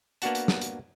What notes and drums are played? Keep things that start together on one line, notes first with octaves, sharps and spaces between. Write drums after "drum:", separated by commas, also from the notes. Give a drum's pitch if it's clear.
A#3 B3 D4 F#4 F#5 A5, drum: hi-hat
drum: hi-hat
drum: snare
drum: hi-hat